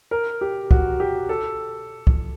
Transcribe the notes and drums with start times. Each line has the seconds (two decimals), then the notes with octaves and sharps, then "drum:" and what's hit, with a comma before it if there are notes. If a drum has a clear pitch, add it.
0.11 A#4
0.41 G4
0.71 F#4, drum: kick
1.00 G4
1.29 A4
2.07 drum: kick